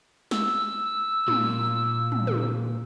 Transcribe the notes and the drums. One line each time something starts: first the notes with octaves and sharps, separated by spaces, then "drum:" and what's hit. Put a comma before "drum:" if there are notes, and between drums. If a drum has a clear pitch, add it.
E6, drum: snare
A#2, drum: tom
drum: tom
drum: tom